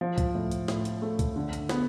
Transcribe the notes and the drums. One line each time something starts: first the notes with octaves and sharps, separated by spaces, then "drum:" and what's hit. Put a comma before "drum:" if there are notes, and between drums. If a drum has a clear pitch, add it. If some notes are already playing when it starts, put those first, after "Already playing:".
F3
drum: kick C#2, hi-hat
A2
drum: hi-hat
A2, drum: snare
drum: hi-hat
A3
drum: kick C#2, hi-hat
D3
drum: hi-hat
B3, drum: snare